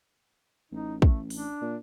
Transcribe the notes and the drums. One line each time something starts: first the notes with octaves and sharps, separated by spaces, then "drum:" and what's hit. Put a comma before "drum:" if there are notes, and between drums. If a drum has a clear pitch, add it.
A1 D#4
A3, drum: kick
D4, drum: open hi-hat
A#2